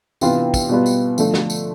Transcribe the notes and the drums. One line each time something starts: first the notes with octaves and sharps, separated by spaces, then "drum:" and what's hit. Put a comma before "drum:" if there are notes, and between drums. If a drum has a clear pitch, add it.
C3 E3 B3 D4 F4, drum: tambourine
drum: kick, tambourine
B2 G3 B3 F4
drum: tambourine
D3 F3 A3, drum: tambourine
drum: snare
drum: tambourine